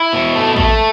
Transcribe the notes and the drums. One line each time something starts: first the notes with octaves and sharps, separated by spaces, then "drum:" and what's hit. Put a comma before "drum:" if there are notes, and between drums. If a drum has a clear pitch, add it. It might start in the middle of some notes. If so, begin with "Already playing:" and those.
Already playing: E4
B2
A3
A3, drum: kick A1